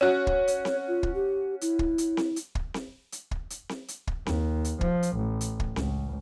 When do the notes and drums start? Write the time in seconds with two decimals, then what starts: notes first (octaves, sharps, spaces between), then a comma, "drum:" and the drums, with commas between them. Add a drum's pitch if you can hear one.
0.01 C#4 F#4
0.27 drum: kick
0.48 C#5, drum: hi-hat
0.65 drum: snare C4
0.88 F4
1.03 drum: kick
1.14 G4
1.61 E4, drum: hi-hat
1.79 drum: kick
1.98 drum: hi-hat
2.17 drum: snare C4
2.36 drum: hi-hat
2.55 drum: kick
2.74 drum: snare C4
3.12 drum: hi-hat
3.31 drum: kick
3.50 drum: hi-hat
3.69 drum: snare C4
3.88 drum: hi-hat
4.07 drum: kick
4.26 D#2, drum: snare C4
4.65 drum: hi-hat
4.81 F3, drum: kick
5.03 drum: hi-hat
5.16 A1
5.41 drum: hi-hat
5.60 drum: kick
5.76 C#2, drum: snare C4